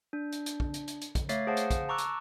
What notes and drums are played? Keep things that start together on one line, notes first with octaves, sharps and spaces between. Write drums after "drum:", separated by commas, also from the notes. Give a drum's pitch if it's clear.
D4
drum: hi-hat
drum: hi-hat
drum: kick
drum: hi-hat
drum: hi-hat
drum: hi-hat
drum: kick, hi-hat
A3 C#5 E5 F5 A6 C7, drum: hi-hat
G#4 C5 F5 F#5 A5
drum: hi-hat
drum: kick, hi-hat
A5 A#5 C#6 D6 E6 F#6
drum: hi-hat